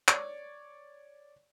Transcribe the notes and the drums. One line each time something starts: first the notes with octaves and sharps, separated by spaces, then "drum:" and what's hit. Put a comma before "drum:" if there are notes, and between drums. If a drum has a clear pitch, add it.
C#5 D5, drum: clap